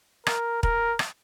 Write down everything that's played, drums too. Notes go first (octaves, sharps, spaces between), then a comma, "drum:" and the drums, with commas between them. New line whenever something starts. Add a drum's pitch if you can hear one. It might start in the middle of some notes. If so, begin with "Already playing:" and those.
A#4, drum: rim click
A#4, drum: kick
drum: rim click